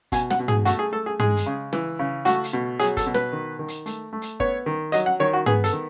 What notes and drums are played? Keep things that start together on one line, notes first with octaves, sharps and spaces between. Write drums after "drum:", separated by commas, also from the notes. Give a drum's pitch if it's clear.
B2 G#5, drum: kick G1, hi-hat
F#5, drum: snare
B2
G#4, drum: tom
A3 F#4, drum: hi-hat
G#4
A3 A4
G#4
G#3 G#4, drum: tom
drum: hi-hat
C#3
E3, drum: snare
C#3
A3 F#4, drum: hi-hat
drum: hi-hat
B2
F#3 G#4, drum: hi-hat
A4, drum: kick G1, hi-hat
B2
B4, drum: snare
D#3
D#3
drum: hi-hat
A3, drum: hi-hat
A3
drum: hi-hat
B3 C#5, drum: kick G1
D#3
F#3 D#5, drum: hi-hat
F#5
D#3 C#5
F#4
B3 G#4, drum: tom
A4, drum: hi-hat
D#3